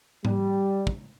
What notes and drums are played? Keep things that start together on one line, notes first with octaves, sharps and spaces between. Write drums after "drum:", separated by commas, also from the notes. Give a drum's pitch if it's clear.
G3, drum: tom G#2
drum: kick